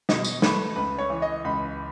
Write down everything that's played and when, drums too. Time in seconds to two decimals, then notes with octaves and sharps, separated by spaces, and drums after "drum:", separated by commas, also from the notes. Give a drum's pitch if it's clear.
0.09 B2 D#5, drum: snare
0.24 drum: tambourine
0.42 A3 B4, drum: snare
0.76 C#2 B4
0.98 C#5
1.10 E3
1.22 D#5
1.44 C#2 B5